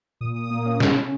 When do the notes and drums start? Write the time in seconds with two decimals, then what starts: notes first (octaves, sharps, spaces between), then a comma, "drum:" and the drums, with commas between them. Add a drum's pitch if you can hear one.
0.21 A#2 D#6
0.36 A#2 D#6
0.50 A#3
0.66 C#4
0.80 C#3, drum: snare
0.96 C#3